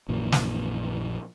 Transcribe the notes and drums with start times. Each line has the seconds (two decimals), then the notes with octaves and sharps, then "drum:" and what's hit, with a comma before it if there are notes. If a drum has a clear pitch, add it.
0.09 A#1 F#2 A#2 E3
0.32 drum: snare